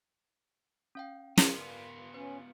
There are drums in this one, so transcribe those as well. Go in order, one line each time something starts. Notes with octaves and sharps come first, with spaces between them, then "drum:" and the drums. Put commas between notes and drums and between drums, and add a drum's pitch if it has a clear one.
C#4 F5 G5
B3 F4 A#4 B4, drum: snare
C#4 B4